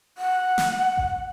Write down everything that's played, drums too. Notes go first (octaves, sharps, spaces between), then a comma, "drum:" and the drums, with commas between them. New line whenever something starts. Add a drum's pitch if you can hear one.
F#5
drum: snare
drum: kick A1